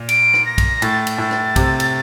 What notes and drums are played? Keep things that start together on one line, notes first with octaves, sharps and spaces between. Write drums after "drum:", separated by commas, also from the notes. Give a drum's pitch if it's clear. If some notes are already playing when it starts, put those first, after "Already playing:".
Already playing: A#2
D7, drum: cymbal
drum: rim click
A#6
drum: kick, cymbal
A2 A6, drum: cymbal
drum: cymbal
A2 A6
drum: rim click
C3, drum: kick, cymbal
drum: cymbal